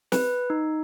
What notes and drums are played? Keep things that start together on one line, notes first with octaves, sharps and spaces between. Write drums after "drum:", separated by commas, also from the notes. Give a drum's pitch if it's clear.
B4, drum: snare
D#4